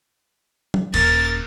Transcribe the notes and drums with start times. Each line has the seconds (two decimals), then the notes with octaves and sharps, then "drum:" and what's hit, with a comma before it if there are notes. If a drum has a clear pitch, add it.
0.74 drum: tom
0.94 D#1 C#4 A#4 A6, drum: cymbal